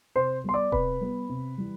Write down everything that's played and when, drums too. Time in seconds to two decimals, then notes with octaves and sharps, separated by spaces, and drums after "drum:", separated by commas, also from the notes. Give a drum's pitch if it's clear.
0.15 C3 C5 C6
0.44 G3 B3 C6
0.54 D5 D6
0.72 C3 B4 B5, drum: kick D#1
1.01 G3 B3
1.29 C3
1.58 E3 G3